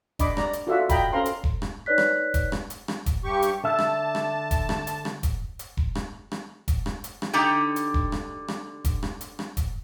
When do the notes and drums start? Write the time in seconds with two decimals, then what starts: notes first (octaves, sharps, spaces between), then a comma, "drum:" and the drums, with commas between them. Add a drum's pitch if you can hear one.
0.19 D4 D#5 B5 D6, drum: kick E1, hi-hat
0.37 D5 A#5, drum: rim click
0.53 drum: hi-hat
0.67 F4 F#4 A4 D5 E5 F#5
0.89 D#5 G5 A#5 B5, drum: kick E1, hi-hat
1.13 C#4 A4 C5 F5 A#5 C6
1.26 drum: hi-hat
1.44 drum: kick E1
1.62 drum: rim click
1.86 D#4 B4 C#5 D5 F#6 B6
1.98 drum: rim click
2.34 drum: kick E1, hi-hat
2.52 drum: rim click
2.70 drum: hi-hat
2.88 drum: rim click
3.06 drum: kick E1, hi-hat
3.24 G2 G4 C#6
3.42 drum: hi-hat
3.64 D3 E5 A5
3.79 drum: rim click
4.15 drum: rim click
4.51 drum: kick E1, hi-hat
4.69 drum: rim click
4.87 drum: hi-hat
5.05 drum: rim click
5.23 drum: kick E1, hi-hat
5.59 drum: hi-hat
5.77 drum: kick E1
5.95 drum: rim click
6.32 drum: rim click
6.68 drum: kick E1, hi-hat
6.86 drum: rim click
7.04 drum: hi-hat
7.22 drum: rim click
7.33 D3 D#4 G4 G5
7.76 drum: hi-hat
7.94 drum: kick E1
8.12 drum: rim click
8.48 drum: rim click
8.85 drum: kick E1, hi-hat
9.03 drum: rim click
9.21 drum: hi-hat
9.39 drum: rim click
9.57 drum: kick E1, hi-hat